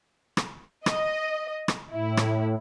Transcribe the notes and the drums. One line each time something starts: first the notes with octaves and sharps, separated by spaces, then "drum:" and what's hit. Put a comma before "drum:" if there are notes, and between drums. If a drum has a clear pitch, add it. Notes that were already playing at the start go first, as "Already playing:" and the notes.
drum: rim click
D#5, drum: rim click
drum: rim click
A2 E4
drum: rim click